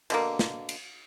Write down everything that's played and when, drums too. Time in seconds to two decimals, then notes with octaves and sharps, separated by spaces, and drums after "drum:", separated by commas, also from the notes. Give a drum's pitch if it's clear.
0.10 B2 D3 A#3, drum: cymbal
0.39 drum: snare
0.69 drum: cymbal